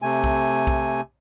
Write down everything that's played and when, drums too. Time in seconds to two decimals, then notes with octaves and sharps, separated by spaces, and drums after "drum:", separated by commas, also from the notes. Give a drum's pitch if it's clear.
0.02 C3 A3 G#5
0.24 drum: kick B1
0.67 drum: kick B1